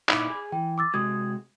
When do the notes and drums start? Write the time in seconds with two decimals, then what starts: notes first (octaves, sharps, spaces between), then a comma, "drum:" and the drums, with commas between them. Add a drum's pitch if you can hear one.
0.09 A#2 D#4 E4 B5 D6, drum: clap
0.30 G#4
0.52 E3 G5
0.78 D6 E6 A6
0.94 C3 G#3 F#4 D#6 G#6